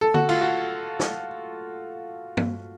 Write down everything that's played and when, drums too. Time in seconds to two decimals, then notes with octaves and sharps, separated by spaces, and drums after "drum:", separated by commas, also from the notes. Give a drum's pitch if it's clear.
0.01 A4
0.14 F#4, drum: tom D3
0.29 F4, drum: cymbal
0.41 F#4
1.00 drum: snare
2.37 drum: tom